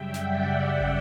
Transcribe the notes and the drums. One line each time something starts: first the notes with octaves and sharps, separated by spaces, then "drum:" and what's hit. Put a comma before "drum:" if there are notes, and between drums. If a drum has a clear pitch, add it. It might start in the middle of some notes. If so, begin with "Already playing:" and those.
Already playing: F#2 C#3 G3 E5 G5
D5 F#5, drum: snare
drum: kick